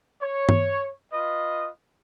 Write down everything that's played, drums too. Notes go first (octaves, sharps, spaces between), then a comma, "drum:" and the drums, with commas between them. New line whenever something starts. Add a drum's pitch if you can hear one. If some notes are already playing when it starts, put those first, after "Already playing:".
C#5
drum: tom G2
F4 B4 D#5